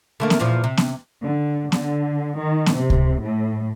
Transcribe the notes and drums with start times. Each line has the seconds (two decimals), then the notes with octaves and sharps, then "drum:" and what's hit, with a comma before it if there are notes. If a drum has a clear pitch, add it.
0.20 D3 A3 A#3
0.30 drum: snare B3
0.40 E2 A#2 F3
0.64 C3
0.77 drum: snare B3
1.23 D3
1.72 D3, drum: snare B3
2.37 D#3
2.66 drum: snare B3
2.77 C3
2.90 drum: kick C#2
3.22 A2